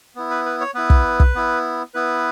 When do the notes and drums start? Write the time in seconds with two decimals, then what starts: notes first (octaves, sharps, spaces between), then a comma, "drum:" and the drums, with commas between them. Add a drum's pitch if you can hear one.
0.15 B3 E4
0.30 B4
0.46 B4
0.60 C#5
0.74 B3 E4 B4
0.90 drum: kick
1.20 drum: kick
1.35 B3 E4
1.94 B3 E4 B4